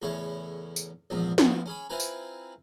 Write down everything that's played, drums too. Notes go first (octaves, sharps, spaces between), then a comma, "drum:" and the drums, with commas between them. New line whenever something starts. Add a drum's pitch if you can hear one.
E2 A2 C#3 E4 C#5
drum: tambourine
A#1 E2 G#2 F3 C4
F3 B3 C4, drum: snare
C#4 G#4 B5
C4 E4 F4 B4 G#5 A#5
drum: tambourine